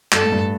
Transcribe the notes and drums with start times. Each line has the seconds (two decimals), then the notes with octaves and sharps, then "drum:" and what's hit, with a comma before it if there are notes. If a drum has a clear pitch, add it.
0.12 G2 A4, drum: clap
0.22 A2
0.32 G2